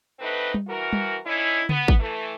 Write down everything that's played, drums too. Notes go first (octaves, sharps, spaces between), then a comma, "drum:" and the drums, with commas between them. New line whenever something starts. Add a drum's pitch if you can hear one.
D3 A3 C4 D#4 B4
drum: tom G3
E3 F#4 A#4
drum: tom G3
D3 C#4 D#4 E4
B3, drum: tom C#3
drum: kick
E3 A3